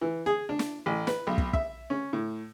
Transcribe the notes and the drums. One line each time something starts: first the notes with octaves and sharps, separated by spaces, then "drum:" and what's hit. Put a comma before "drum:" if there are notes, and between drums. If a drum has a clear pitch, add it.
E3
G#4
D4
drum: snare
A1
B4, drum: snare
B1
drum: kick
E5, drum: kick
C#4
A2